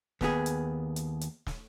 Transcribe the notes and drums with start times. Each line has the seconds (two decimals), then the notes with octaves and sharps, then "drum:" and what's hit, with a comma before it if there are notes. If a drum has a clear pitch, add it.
0.21 D#2 B3 G#4, drum: snare
0.46 drum: hi-hat
0.96 drum: hi-hat
1.21 drum: hi-hat
1.47 drum: snare